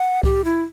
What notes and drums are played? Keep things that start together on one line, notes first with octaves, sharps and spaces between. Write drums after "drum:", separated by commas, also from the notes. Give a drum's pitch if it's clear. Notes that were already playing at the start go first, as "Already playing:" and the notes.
Already playing: F#5
G4, drum: kick C2
E4